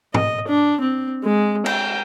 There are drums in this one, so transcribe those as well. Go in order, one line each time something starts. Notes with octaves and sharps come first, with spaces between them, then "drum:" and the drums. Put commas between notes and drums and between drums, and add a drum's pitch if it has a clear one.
D#5, drum: tom
D4
C4
G#3
G5, drum: cymbal